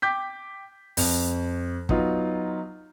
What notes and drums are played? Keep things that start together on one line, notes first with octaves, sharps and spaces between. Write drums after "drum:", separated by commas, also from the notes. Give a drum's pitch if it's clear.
G5 D6 G6 B6
F2, drum: open hi-hat
F#3 B3 D#4 F4, drum: kick